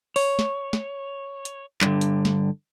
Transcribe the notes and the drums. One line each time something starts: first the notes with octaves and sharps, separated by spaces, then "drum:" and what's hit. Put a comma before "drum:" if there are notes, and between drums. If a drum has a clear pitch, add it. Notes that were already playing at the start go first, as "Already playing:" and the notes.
C#5, drum: open hi-hat
drum: snare
drum: snare
drum: hi-hat
G2 D3, drum: clap
drum: hi-hat
drum: snare